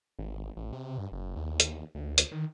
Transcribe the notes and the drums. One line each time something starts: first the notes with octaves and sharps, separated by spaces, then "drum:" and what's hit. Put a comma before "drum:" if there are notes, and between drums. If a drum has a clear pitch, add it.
G#1
A1
C3
G2
F#1
D#2
drum: hi-hat
D2
drum: hi-hat
D#3